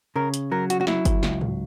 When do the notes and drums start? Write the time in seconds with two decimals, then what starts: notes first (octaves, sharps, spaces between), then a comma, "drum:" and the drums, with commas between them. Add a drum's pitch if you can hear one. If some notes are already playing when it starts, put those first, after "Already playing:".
0.16 C#3 A#4
0.34 drum: hi-hat
0.51 F#3 A#4
0.70 F#4, drum: hi-hat
0.81 F#4
0.87 F#3 E4, drum: snare
1.05 drum: kick G1, hi-hat
1.23 C#2, drum: snare
1.41 drum: tom G#2